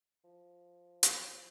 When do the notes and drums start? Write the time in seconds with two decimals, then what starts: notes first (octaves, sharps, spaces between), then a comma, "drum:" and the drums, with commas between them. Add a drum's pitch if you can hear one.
0.24 F3
1.03 drum: hi-hat